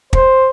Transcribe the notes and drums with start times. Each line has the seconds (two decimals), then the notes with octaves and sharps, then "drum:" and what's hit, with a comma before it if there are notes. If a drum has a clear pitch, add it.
0.13 C5, drum: kick